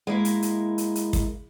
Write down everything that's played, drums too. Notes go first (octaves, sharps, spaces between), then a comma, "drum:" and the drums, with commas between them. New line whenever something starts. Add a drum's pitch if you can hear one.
G#3 A#3 E4
drum: hi-hat
drum: hi-hat
drum: hi-hat
drum: hi-hat
drum: kick, hi-hat